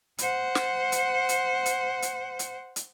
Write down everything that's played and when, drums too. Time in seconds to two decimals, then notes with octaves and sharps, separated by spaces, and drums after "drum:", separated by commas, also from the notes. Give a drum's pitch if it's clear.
0.18 C5 F#5, drum: hi-hat
0.55 drum: snare
0.92 drum: hi-hat
1.29 drum: hi-hat
1.66 drum: hi-hat
2.02 drum: hi-hat
2.39 drum: hi-hat
2.76 drum: hi-hat